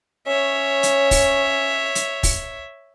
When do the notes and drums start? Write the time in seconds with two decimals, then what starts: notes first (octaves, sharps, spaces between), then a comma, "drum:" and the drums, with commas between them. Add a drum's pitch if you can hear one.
0.27 C#4 C#5 E5
0.83 drum: hi-hat
1.11 drum: kick, open hi-hat
1.95 drum: hi-hat
2.23 drum: kick, open hi-hat